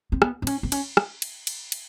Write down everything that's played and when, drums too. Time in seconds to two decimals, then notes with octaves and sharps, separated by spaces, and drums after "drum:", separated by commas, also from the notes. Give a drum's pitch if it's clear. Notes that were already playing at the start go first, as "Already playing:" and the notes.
0.12 C4
0.22 B3, drum: rim click
0.42 C4
0.47 C#4, drum: cymbal
0.63 C4
0.72 C#4, drum: cymbal
0.97 drum: rim click
1.22 drum: cymbal
1.47 drum: cymbal
1.72 drum: cymbal